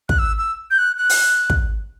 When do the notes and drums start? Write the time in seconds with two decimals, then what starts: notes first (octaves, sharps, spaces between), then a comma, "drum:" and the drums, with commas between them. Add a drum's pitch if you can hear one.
0.09 F#6, drum: kick
0.19 E6
0.38 E6
0.71 G6
0.78 F#6
0.98 F#6
1.09 drum: open hi-hat
1.50 drum: kick